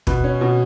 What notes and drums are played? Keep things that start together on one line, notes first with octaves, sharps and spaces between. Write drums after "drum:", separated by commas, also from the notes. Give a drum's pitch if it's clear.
B2 B4, drum: kick
C#4
B2